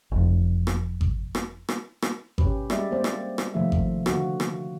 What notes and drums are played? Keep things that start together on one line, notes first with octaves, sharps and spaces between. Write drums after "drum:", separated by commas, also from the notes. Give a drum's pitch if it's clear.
F#1 F2
drum: rim click
drum: kick G#1
drum: rim click
drum: rim click
drum: rim click
C#4 G4 B4, drum: kick G#1
G3 G#3 G4 D5 E5, drum: rim click
A#3 C4 C5 D5
drum: rim click
drum: rim click
C3 D#3 F3 A3 F4 E5
drum: kick G#1
D3 F4 F#4, drum: rim click
drum: rim click